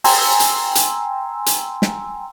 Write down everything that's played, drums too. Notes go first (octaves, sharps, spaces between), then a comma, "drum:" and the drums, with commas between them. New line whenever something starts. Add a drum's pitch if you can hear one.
G5 G#5 A#5 C6 E6, drum: open hi-hat
drum: hi-hat
drum: hi-hat
drum: hi-hat
drum: snare